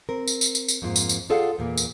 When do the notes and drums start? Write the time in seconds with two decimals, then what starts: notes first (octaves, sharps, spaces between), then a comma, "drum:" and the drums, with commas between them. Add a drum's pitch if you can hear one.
0.09 C4 A#4
0.28 drum: tambourine
0.41 drum: tambourine
0.55 drum: tambourine
0.68 drum: tambourine
0.82 F2 G#2 A#3 F4
0.96 drum: tambourine
1.09 drum: tambourine
1.30 F4 G#4 A4 D5 F5 F#5
1.58 E2 A#2 A#3
1.77 drum: tambourine